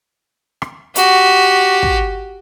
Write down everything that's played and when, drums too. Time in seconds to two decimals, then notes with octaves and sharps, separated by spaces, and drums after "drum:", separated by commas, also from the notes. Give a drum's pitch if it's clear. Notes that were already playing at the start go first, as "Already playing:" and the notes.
0.62 drum: rim click
0.96 F#4 G4, drum: hi-hat
1.83 drum: kick